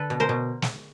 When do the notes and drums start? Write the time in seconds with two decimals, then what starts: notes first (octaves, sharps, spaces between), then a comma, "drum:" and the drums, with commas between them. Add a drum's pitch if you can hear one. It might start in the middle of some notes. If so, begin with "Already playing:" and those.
Already playing: D3 A4 B4
0.10 B2
0.20 A#4 C5
0.29 B2
0.62 drum: snare